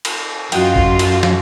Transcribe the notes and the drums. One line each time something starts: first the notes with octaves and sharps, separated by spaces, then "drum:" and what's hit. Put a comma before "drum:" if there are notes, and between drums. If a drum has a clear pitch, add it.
drum: cymbal
F#2 F4 F#4 D#5 G5, drum: cymbal
drum: kick G#1
drum: cymbal
drum: snare